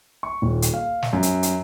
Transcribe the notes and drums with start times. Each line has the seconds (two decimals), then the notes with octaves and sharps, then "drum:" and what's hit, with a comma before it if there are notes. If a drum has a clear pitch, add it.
0.23 C#6
0.42 D#1
0.62 drum: hi-hat
0.74 F5
1.03 drum: snare
1.13 F#2
1.23 drum: hi-hat
1.43 drum: hi-hat